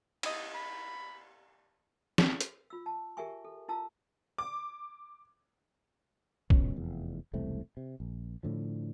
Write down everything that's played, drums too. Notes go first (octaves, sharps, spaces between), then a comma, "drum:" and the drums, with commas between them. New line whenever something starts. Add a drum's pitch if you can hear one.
E4 D#5, drum: cymbal
B5
drum: snare
drum: hi-hat
F4 E6
A5
G4 G#4 A#4 E5 G#5 C#6
A4
E4 F4 A5 A#5 E6
D6
E1 C#2 B2 C#4, drum: kick
F1 E2
E1 C2 A3 C4
C3
A#1
A2 D3 F3